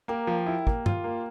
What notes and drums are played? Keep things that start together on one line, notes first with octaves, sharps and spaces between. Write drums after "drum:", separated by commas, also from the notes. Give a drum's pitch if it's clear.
A#3 G4 A#4
F3
E4
A#3, drum: kick
F4, drum: tom G2
A#3